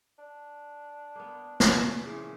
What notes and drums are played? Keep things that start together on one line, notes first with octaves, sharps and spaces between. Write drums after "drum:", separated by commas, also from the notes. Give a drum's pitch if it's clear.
D4
A#3 B3
drum: snare
C#3 E3 F3
A#2 C#4